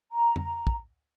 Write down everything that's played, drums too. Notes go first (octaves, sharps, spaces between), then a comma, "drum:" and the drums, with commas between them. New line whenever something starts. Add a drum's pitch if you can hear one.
A#5
drum: tom
drum: kick